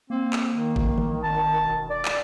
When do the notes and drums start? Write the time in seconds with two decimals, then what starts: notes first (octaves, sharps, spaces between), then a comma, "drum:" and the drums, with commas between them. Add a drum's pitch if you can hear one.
0.10 A#3 C4
0.33 drum: clap
0.52 D#3
0.76 drum: kick G#1
0.98 drum: tom D#3
1.23 G#1 A5
1.62 E1
1.90 D5
2.05 drum: clap